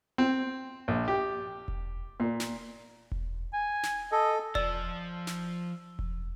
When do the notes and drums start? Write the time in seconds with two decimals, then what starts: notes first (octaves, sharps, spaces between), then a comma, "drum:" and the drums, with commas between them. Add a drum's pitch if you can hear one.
0.18 C4
0.88 A#1
1.08 G4
1.68 drum: kick E1
2.20 A#2
2.40 drum: snare
3.12 drum: kick E1
3.54 G#5
3.83 drum: snare
4.12 A4 D#5
4.55 F3 D5 E6, drum: kick E1
5.27 drum: snare
5.99 drum: kick E1